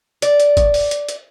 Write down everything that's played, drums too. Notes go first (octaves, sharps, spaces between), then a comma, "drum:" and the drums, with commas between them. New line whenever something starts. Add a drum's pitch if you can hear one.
D5, drum: hi-hat
drum: hi-hat
drum: kick, hi-hat
drum: open hi-hat
drum: hi-hat
drum: hi-hat